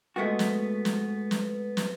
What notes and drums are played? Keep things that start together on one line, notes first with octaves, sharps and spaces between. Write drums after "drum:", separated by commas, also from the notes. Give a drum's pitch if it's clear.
G#3 A3 B3 F#4
drum: snare
drum: snare
drum: snare
drum: snare